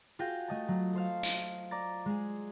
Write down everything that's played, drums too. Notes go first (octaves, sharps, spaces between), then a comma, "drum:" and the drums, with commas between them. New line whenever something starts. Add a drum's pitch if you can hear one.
F4 F#4 G#4 G5 A#6
A3 D#5 A5
F#3
A4 C5 F5
drum: tambourine
D5 A#5 A6
G#3 G#4